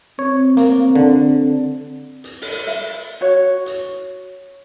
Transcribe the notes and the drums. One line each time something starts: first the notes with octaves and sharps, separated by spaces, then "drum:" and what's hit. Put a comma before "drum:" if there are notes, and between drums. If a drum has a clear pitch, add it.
C4 C#5
A#3, drum: hi-hat
D3
drum: hi-hat
drum: open hi-hat
E5
F#4 C#5
drum: hi-hat